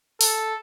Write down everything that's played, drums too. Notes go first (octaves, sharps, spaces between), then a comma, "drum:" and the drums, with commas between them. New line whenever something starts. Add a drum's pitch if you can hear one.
A4, drum: open hi-hat